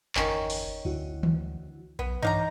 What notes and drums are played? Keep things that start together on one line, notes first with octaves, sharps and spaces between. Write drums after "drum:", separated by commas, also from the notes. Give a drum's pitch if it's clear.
G1 E2 D#3 C#4, drum: clap
drum: open hi-hat
D2 D3 E4 F#4
drum: tom D#3
B1 B3
G2 E3 D#4 C#5 F5 A#5 D6